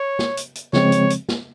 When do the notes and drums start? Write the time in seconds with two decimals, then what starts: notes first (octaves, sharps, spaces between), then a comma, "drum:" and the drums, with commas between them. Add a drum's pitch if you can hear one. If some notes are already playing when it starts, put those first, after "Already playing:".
Already playing: C#5
0.19 drum: snare
0.37 drum: hi-hat
0.55 drum: hi-hat
0.73 C#3 F3 G#3 C4 C#5, drum: snare
0.92 drum: hi-hat
1.10 drum: hi-hat
1.29 drum: snare